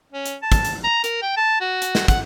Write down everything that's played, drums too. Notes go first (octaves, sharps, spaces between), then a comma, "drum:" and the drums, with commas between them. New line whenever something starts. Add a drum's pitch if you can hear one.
C#4
drum: hi-hat
A5
drum: kick, hi-hat
drum: hi-hat
A#5
A#4, drum: hi-hat
G5
A5
F#4
drum: hi-hat
drum: snare
F#5, drum: kick, hi-hat